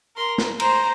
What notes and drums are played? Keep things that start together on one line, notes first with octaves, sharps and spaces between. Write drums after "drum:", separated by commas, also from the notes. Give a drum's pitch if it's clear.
A#4 C6
drum: snare
C5 A#5, drum: cymbal